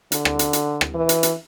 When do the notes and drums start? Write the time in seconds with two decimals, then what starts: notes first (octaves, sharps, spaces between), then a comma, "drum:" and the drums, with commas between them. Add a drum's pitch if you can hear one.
0.12 D3, drum: hi-hat
0.25 drum: rim click
0.39 drum: hi-hat
0.53 drum: hi-hat
0.81 drum: rim click
0.95 E3
1.09 drum: hi-hat
1.23 drum: hi-hat